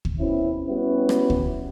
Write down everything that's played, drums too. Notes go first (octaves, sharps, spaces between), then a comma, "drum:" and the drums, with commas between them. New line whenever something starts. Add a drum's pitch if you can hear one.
drum: kick
B2 C4 C#4 E4
G3 B3 C#4 E4 F#4 G4
drum: rim click
drum: kick